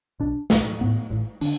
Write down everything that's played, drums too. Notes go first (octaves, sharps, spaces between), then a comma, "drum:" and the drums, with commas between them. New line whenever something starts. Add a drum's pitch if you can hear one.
B1 B2 D4
B1 B2, drum: snare
A1 A2 B3
A1 A2
D3 D4, drum: open hi-hat